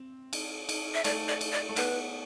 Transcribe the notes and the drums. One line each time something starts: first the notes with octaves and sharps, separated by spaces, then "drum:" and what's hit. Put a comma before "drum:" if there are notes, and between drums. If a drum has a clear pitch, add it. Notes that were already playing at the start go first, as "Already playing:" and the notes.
Already playing: C4
drum: cymbal
drum: cymbal
E5
A3 D5, drum: cymbal
D5
drum: cymbal
D5
A3
B3 B4, drum: cymbal